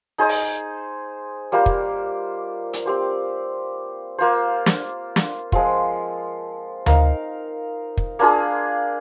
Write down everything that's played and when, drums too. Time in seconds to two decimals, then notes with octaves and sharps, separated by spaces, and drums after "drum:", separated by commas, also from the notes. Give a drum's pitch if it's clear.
0.18 D#4 G#4 C5 D#5
0.29 drum: open hi-hat
1.52 G3 A#3 F4 C5
1.66 drum: kick
2.73 drum: hi-hat
2.86 C4 G4 C5
4.18 A#3 F4 C5
4.66 drum: snare
5.16 drum: snare
5.52 F3 G#3 C4 F4, drum: kick
6.86 D#4 A#4 F5, drum: tom D2
7.97 drum: kick
8.19 A#3 D4 F4 G#4